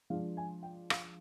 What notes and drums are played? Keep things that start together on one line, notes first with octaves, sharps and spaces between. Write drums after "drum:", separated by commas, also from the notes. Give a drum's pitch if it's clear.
F3 G#3 D4 F5
G#5
G5
F5, drum: rim click